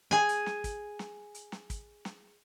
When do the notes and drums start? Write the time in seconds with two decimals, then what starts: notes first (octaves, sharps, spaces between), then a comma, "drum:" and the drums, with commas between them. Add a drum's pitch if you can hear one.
0.11 G#4 G#5
0.29 drum: hi-hat
0.46 drum: snare
0.64 drum: kick, hi-hat
0.99 drum: snare
1.35 drum: hi-hat
1.52 drum: snare
1.70 drum: kick, hi-hat
2.05 drum: snare